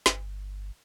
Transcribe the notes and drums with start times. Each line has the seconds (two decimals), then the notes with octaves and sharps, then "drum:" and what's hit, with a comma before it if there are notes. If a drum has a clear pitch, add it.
0.06 G1, drum: snare